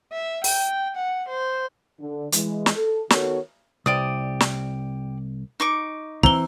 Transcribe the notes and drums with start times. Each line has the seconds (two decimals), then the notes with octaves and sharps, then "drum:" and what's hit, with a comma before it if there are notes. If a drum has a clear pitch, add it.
0.12 E5
0.44 G5, drum: open hi-hat
0.96 F#5
1.28 C5
1.99 D3
2.32 E3 G#3, drum: hi-hat
2.66 drum: snare
2.75 A4
3.10 D#3 B3 F#4 A4 A#4 C#5, drum: snare
3.86 C2 G4 D5 D#6
4.40 drum: snare
5.60 D#4 C#6 D6
6.23 E3 C4 A#5 G7, drum: kick